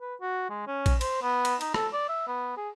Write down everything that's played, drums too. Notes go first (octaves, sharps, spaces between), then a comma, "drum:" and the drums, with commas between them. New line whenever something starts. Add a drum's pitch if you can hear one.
B4
F#4
G#3
C#4
drum: kick A#1, cymbal
C5, drum: cymbal
B3
drum: cymbal
D#4, drum: cymbal
A4, drum: rim click
D5
E5
B3
G#4